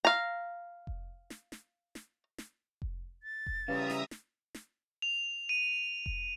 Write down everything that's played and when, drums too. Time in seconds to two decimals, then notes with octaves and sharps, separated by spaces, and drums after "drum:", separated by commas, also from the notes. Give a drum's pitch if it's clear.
0.05 F5 A#5
0.87 drum: kick F1
1.30 drum: snare
1.52 drum: snare
1.95 drum: snare
2.38 drum: snare
2.82 drum: kick F1
3.23 A6
3.46 drum: kick F1
3.68 C#3 G3 B4 E5 F5 A#5 D#6
3.90 drum: snare
4.11 drum: snare
4.55 drum: snare
5.02 F7
5.49 D#7
6.06 drum: kick F1